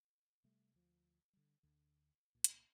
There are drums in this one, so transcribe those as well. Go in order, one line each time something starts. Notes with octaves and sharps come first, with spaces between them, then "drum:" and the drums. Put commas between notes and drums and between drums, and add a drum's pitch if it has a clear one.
C3 G3 A3
D2 F3
D3 G3
D2 D3
C2 A#2
drum: hi-hat